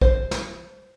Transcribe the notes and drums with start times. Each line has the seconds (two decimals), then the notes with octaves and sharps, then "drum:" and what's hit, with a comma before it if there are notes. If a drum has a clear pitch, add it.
0.01 C5, drum: kick
0.31 drum: snare